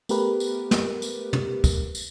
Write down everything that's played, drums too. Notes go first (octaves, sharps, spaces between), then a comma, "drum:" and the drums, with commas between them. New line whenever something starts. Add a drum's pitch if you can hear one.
A3 B3 G4 A#4 B4, drum: tambourine
drum: tambourine
drum: snare
drum: tambourine
drum: tom
drum: kick, tambourine
drum: tambourine